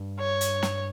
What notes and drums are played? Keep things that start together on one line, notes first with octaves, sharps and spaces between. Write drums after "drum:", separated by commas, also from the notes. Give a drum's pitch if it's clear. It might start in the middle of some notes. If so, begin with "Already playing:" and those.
Already playing: G2
C#5
drum: hi-hat
drum: snare